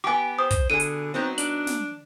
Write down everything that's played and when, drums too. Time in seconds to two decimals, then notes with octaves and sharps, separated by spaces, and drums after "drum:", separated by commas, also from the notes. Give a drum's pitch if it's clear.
0.04 B3 G4 G#5 D6
0.39 C5 D#6
0.51 drum: kick, hi-hat
0.70 B2 D3 G#4 D#7
0.80 drum: hi-hat
1.14 F#3 B3 C4 D#4
1.38 D4 F#7, drum: hi-hat
1.67 drum: snare